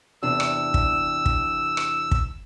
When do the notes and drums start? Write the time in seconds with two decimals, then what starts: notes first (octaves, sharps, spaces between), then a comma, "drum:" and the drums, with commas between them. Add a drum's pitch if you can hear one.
0.23 E2 C3 D4 E6
0.40 drum: rim click
0.74 drum: kick
1.26 drum: kick
1.77 drum: rim click
2.11 drum: kick